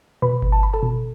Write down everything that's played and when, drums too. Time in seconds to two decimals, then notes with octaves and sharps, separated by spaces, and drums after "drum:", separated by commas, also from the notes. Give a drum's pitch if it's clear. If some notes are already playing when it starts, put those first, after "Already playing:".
0.22 B2 B4 B5
0.42 drum: kick G1
0.52 A5
0.63 B5
0.73 A4 A5
0.83 B2